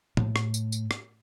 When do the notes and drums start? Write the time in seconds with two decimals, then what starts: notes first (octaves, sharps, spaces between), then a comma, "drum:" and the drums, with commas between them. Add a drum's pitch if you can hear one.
0.17 A2, drum: tom A2
0.36 drum: rim click
0.54 drum: tambourine
0.72 drum: tambourine
0.91 drum: rim click